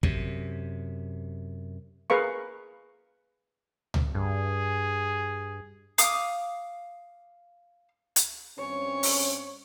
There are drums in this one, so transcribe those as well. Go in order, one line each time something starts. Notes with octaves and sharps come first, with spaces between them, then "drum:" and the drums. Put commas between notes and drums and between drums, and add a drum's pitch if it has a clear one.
F#2 C3, drum: kick
G#4 A#4 B4 F5 C#6
drum: tom C#2
G2 G#4
F5 D6 D#6, drum: hi-hat
drum: hi-hat
G2 C4 C#4 C#5
drum: open hi-hat